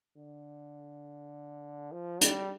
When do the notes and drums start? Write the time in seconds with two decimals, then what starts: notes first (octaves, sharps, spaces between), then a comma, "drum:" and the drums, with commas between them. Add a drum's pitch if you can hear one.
0.17 D3
1.92 F3
2.21 G3, drum: hi-hat